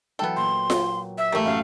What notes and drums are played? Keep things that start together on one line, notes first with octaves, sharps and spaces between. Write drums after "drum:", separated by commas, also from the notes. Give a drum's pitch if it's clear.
E3 F#3 B3 A4 G5
A#2 C6
drum: snare F4
E5
A2 E3 A3 A#3 G4
F#2 E5 F5